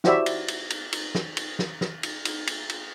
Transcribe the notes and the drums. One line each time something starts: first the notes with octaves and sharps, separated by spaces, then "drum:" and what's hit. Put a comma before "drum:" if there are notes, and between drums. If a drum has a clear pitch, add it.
E4 F#4 G4 C5 D5 E5, drum: snare
drum: cymbal
drum: cymbal
drum: cymbal
drum: cymbal
drum: snare
drum: cymbal
drum: snare
drum: snare
drum: cymbal
drum: cymbal
drum: cymbal
drum: cymbal